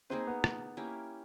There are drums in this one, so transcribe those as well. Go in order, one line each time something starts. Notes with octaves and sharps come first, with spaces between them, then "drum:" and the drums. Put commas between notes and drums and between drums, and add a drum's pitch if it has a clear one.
A#3 C4 D#4 G#4 B4
B3
drum: rim click
A#3 C#4 E4 G4